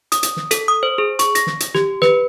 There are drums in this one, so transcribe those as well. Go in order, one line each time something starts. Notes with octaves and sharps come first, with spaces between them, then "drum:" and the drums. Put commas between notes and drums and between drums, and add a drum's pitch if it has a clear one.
D#6, drum: hi-hat
drum: hi-hat
drum: snare
A4, drum: hi-hat
D#6
C5
G#4
C#6, drum: hi-hat
A#6, drum: hi-hat
drum: snare
drum: hi-hat
G4, drum: snare
B4, drum: snare